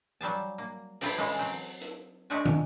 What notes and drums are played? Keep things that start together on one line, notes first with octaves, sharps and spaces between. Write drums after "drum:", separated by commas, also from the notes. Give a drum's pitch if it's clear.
F#3 G3 G#4 A5
A#3
E4 F4 G4 A4 A#4, drum: open hi-hat
C#3 E3 G#3
F#3 C4
drum: hi-hat
G#3 A3 D4 F#4 G#5
drum: tom